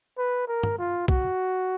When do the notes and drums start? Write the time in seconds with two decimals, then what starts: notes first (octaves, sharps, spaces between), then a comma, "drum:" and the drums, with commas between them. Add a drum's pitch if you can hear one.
0.18 B4
0.48 A#4
0.63 drum: tom
0.79 F4
1.08 F#4, drum: kick